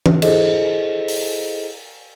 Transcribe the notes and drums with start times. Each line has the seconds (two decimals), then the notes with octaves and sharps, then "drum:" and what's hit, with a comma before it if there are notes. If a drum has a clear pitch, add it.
0.06 drum: tom E3
0.22 E4 G#4 A4 C5 D#5, drum: cymbal
1.08 drum: open hi-hat